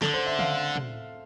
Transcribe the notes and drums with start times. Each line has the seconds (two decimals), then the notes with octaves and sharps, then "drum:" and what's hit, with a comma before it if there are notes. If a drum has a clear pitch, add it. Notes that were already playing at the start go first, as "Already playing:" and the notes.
0.02 D3 A4, drum: snare
0.14 C5
0.26 E5
0.39 F5, drum: tom
0.76 drum: tom